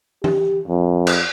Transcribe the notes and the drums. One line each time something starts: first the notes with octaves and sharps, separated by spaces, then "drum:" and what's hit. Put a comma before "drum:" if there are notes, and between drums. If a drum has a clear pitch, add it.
G4, drum: tom E3
F2
drum: cymbal